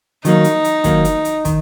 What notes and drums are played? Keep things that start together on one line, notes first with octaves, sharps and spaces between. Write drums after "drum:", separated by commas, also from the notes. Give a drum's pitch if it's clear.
D#3 F#3 A#3 D#4, drum: hi-hat
drum: hi-hat
drum: hi-hat
D#3 F#3 A#3, drum: kick, hi-hat
drum: hi-hat
drum: hi-hat
D#3, drum: kick, hi-hat